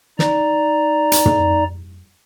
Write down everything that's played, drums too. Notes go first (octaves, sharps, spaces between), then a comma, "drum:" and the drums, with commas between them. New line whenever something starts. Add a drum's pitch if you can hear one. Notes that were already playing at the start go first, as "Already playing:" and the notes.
D#4 D5 A#5, drum: snare
drum: hi-hat
drum: tom